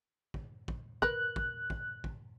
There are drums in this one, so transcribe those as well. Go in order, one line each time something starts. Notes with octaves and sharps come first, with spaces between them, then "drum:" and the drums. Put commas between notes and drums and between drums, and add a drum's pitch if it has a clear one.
drum: kick
drum: kick
A#4 B4 F#6, drum: kick
drum: kick
drum: kick
drum: kick